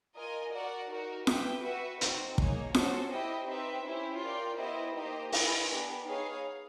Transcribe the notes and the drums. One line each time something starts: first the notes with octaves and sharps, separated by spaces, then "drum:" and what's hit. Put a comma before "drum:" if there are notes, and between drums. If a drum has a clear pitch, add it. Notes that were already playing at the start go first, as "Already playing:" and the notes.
F4 A#4 D#5 G#5
F#4 A#4 D5 F#5
D#4 F#4 A#4
G4 B4 E5 G5, drum: snare F4
F#4 B4 E5
C4 D#4 F#4, drum: hi-hat
A#3 D#4 G#4 C#5, drum: kick
C#4 F#4 A4 C5, drum: snare F4
E4 G4 C5 D#5 G5
C4 D#4 G4 B4 E5
C#4 E4 G4 C5
F4 A#4 D5 G5
B3 E4 G4 C5 D#5
A#3 D#4 G4 C5 D#5
E4 G#4 B4 D#5 G#5, drum: open hi-hat
B3 D4 G4 B4
B3 D#4 G#4 C#5 F5